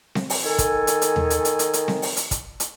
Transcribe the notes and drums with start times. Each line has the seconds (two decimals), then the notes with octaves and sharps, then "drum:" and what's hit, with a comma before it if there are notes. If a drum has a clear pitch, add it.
0.15 drum: snare C4
0.30 drum: open hi-hat
0.44 D#3 A4 G#5
0.58 drum: kick, hi-hat
0.87 drum: hi-hat
1.02 drum: hi-hat
1.16 drum: tom D#2
1.30 drum: hi-hat
1.45 drum: hi-hat
1.59 drum: hi-hat
1.73 drum: hi-hat
1.88 drum: snare C4
2.02 drum: open hi-hat
2.17 drum: hi-hat
2.31 drum: kick, hi-hat
2.60 drum: hi-hat